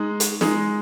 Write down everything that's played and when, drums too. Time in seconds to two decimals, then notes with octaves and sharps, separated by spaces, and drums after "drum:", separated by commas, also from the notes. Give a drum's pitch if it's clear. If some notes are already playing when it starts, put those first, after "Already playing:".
Already playing: G#3 D#4 G#4
0.20 drum: hi-hat
0.41 G#3 D#4 G#4, drum: snare